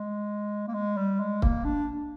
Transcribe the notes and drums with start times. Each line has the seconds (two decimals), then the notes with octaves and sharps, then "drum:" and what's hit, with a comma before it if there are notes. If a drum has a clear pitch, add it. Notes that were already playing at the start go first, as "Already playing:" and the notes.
Already playing: G#3
0.68 A#3
0.74 G#3
0.97 G3
1.20 G#3
1.42 A#3, drum: kick C#1
1.65 D4